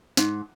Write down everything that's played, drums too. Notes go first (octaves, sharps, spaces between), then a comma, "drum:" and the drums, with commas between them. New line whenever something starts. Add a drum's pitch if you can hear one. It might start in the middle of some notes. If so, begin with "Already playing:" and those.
G#2, drum: snare